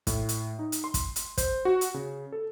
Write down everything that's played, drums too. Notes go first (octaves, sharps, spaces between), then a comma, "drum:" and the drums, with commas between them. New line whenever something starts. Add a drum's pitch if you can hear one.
A2, drum: kick, hi-hat
drum: hi-hat
D#4
drum: hi-hat
C6
drum: kick, hi-hat
drum: hi-hat
C5, drum: kick, hi-hat
F#4
drum: hi-hat
C#3
A4